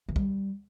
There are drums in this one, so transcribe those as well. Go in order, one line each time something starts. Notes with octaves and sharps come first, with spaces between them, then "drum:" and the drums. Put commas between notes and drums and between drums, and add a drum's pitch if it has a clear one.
E3
G3, drum: kick